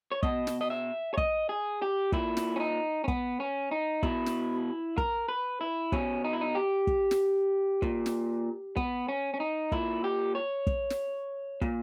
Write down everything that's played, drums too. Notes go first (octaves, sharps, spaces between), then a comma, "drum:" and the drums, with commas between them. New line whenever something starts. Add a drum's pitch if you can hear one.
C#5
B2 D#5, drum: kick
drum: snare
D#5
E5
C#5
D#5, drum: kick
G#4
G4
A#2 E4, drum: kick
drum: snare
C#4
D#4
C#4
B3, drum: kick
C#4
D#4
B2 E4, drum: kick
drum: snare
A#4, drum: kick
B4
E4
B2 C#4, drum: kick
D#4
E4
D#4
G4
drum: kick
drum: snare
A#2, drum: kick
drum: snare
B3, drum: kick
C#4
C#4
D#4
A#2 E4, drum: kick
G4
C#5
drum: kick
drum: snare
A#2, drum: kick